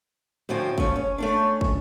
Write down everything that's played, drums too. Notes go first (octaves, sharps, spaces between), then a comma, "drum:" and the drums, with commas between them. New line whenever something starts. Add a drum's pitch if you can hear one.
D2 A2 F3 C4 G#5
C#3 A3 C#4, drum: kick
C#4
A3 C#4 D4
drum: kick